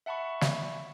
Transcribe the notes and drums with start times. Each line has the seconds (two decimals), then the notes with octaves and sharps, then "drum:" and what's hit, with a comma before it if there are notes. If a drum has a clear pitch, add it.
0.06 E5 F#5 A5 B5 C#6
0.41 drum: snare